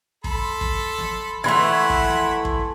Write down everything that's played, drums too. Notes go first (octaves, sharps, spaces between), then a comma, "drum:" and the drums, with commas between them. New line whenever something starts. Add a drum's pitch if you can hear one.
A4 B5 C6, drum: kick
drum: kick
drum: snare
E3 A3 E4 F#5 B5 C6 G#6
drum: kick
drum: snare
drum: kick